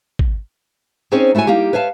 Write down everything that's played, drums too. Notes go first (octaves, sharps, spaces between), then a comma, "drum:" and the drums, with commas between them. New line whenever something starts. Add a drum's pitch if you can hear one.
drum: kick
C4 C#4 D#4 G#4 C5 C#5
A3 E4 F#4 C#5 G#5
G3 A#3 D#4 G4
B4 C#5 E5 F5 A5